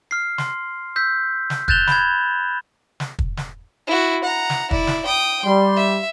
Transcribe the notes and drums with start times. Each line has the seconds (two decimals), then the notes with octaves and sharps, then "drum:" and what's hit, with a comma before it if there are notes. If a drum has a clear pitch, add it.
0.11 F6 C7
0.38 C6, drum: snare
0.96 E6 G6 B6
1.50 drum: snare
1.68 F#6 G6 A6 E7 F7 G7, drum: kick
1.87 B5 G#6, drum: snare
3.00 drum: snare
3.19 drum: kick
3.37 drum: snare
3.87 E4 F#4
4.24 F#5 A#5
4.50 drum: snare
4.71 E4 D5, drum: kick
4.87 drum: snare
5.05 G5 D#6
5.45 G3 C6
5.76 E5